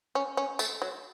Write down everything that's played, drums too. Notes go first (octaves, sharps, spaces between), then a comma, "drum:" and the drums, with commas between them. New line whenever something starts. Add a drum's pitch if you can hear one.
C#4
C#4
A3, drum: tambourine
F#3